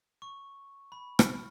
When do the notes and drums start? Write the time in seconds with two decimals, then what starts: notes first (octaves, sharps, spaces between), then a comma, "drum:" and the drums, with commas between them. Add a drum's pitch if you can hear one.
0.22 C#6
0.92 B5
1.19 F6, drum: rim click